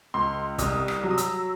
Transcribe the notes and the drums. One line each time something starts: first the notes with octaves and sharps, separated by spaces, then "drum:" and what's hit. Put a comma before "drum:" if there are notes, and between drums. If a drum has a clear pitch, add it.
C#2 C6
C2 D#6, drum: kick, hi-hat
drum: rim click
F#3
D#6
E6, drum: hi-hat